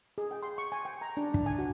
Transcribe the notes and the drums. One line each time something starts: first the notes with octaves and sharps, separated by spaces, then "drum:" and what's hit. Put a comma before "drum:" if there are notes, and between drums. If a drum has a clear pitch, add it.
G#4
G5
C6
C#6
G#5
G5
A#5
D4
D4, drum: kick
G#5
F#4